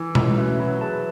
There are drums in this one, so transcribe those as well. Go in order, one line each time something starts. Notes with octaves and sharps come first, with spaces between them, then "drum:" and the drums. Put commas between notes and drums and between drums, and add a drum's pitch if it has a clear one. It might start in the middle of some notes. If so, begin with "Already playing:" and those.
Already playing: E3
A3, drum: tom B2
C#4 F#4 B4 E5
F#3 E4
G#4 B4 E5 A5